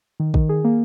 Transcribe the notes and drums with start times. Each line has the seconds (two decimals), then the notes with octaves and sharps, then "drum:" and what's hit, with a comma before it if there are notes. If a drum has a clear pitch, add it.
0.20 D#3
0.34 D#3, drum: kick A1
0.49 G#4
0.64 A#3